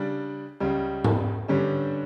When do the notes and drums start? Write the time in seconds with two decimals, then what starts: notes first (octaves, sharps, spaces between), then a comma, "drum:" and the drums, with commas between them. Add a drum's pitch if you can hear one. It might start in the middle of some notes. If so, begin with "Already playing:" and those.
Already playing: C#3 G3 D4
0.60 C#2 C#3 G3
1.05 drum: tom G#2
1.48 G2 D3 G3 C#4